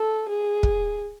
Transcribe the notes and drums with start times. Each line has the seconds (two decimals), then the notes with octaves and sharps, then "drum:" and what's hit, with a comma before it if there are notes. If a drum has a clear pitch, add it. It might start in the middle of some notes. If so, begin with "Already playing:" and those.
Already playing: A4
0.29 G#4
0.63 drum: kick